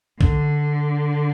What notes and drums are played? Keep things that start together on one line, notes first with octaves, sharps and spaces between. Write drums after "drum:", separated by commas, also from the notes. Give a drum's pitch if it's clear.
D3, drum: kick